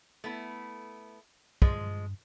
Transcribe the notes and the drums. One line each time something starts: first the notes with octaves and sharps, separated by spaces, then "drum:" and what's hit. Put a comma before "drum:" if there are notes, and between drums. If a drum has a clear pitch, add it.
A3 B3 E4
G2 F3 G#3, drum: kick